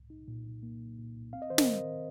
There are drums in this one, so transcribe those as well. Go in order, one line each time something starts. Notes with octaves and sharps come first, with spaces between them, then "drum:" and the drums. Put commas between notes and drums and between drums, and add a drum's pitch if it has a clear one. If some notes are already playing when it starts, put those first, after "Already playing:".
Already playing: C2
D#4
A#2
A#2
A#3
A#2
A#2
C2
C4 F5
D#5
D#3 C5
A#4 D#5, drum: snare
C4
D#3